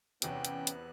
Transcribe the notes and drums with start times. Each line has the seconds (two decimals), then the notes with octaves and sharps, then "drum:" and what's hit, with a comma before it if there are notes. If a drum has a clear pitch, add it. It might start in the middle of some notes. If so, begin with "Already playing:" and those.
0.22 E2 C3 B3 C#4 G5 F#6, drum: hi-hat
0.45 drum: hi-hat
0.67 drum: hi-hat